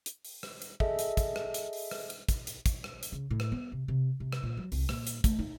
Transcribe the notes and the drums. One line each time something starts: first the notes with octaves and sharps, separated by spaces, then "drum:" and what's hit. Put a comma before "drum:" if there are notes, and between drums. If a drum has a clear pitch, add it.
drum: hi-hat
drum: open hi-hat
drum: rim click
drum: hi-hat
G#4 A4 D#5 E5, drum: kick
drum: hi-hat
drum: kick, hi-hat
drum: rim click
drum: hi-hat
drum: open hi-hat
drum: rim click
drum: hi-hat
drum: kick, hi-hat
drum: hi-hat
drum: kick, hi-hat
drum: rim click
drum: hi-hat
C#3
A2
drum: rim click
B3
C3
C3
C3
drum: rim click
A#2
F#3
C2, drum: open hi-hat
A#2, drum: rim click
drum: hi-hat
A3, drum: kick, hi-hat
D#4